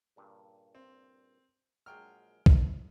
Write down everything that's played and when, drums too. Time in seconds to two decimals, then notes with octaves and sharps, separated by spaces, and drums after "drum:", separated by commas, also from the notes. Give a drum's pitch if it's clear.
0.16 G2 A#2 C#3
0.75 C4
1.86 A#1 F#3 G#3 D4 G5 F6
2.46 D4 B4, drum: kick